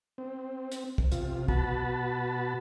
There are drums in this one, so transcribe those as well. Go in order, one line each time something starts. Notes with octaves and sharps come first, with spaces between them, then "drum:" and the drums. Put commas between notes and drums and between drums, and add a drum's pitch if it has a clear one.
C4
drum: hi-hat
drum: kick
C3 F4, drum: hi-hat
B2 F#4 A5 B5, drum: kick